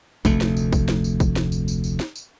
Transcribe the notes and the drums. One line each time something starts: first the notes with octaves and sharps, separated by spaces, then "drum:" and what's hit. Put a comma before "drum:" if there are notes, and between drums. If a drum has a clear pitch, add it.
F1 D2 A3, drum: kick, tambourine
drum: snare
drum: tambourine
drum: kick, tambourine
drum: snare
drum: tambourine
drum: kick, tambourine
drum: snare
drum: tambourine
drum: tambourine
drum: tambourine
drum: snare
drum: tambourine